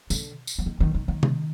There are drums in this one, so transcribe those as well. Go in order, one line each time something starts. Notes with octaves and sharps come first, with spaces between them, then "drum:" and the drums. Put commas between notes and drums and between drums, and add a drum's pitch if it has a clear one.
D3, drum: tambourine
drum: tambourine
F3
D#3
D#3
D#3
D#3
drum: tom C3